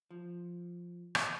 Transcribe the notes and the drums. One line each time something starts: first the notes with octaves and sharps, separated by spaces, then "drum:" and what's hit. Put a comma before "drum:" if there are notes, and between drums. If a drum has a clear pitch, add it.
F3
drum: rim click